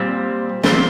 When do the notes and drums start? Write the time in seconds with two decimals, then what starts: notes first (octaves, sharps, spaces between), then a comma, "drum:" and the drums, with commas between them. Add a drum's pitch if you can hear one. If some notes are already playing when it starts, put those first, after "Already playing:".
Already playing: A#2 G3 C4
0.63 A#2 G3 C4, drum: snare